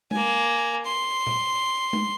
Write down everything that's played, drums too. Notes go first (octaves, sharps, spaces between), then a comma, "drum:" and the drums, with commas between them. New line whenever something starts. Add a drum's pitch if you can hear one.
A#3 G#5, drum: tom G#3
C6
drum: tom A#2
drum: tom G#3